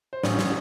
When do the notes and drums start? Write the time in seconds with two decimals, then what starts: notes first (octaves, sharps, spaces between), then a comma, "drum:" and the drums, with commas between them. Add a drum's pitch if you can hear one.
0.13 C5
0.23 A1 C#4 C#5, drum: snare
0.39 drum: snare